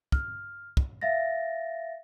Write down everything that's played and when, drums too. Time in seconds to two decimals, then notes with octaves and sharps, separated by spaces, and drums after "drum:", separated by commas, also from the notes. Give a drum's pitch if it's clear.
0.12 F6, drum: kick
0.77 drum: kick
1.01 E5 F5 A6 A#6